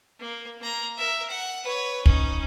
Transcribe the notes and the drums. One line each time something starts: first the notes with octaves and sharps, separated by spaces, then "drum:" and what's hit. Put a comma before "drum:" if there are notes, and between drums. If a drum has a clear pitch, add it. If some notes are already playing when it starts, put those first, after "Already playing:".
A#3
A#3 A#5
A#4 E5
F#5
B4 C#5
C#4 D#4, drum: kick